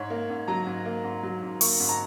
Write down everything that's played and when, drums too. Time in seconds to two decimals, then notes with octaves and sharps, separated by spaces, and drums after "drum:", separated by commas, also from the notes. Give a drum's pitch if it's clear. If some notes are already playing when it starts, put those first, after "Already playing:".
Already playing: G#2 C#5
0.10 A#3
0.30 G#2
0.48 F#3 A#5
0.66 G#2
0.85 A#3
1.04 G#2
1.23 F#3
1.42 G#2
1.61 A#3 C#6, drum: open hi-hat
1.80 G#2
1.89 A#5